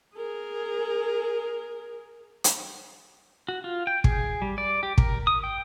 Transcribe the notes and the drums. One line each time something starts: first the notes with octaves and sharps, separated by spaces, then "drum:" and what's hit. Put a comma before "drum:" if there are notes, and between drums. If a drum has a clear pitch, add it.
G#4 A#4
drum: hi-hat
F#4
F4
G5
G#4, drum: kick
G3
D5
G4
A#4, drum: kick
D#6
G5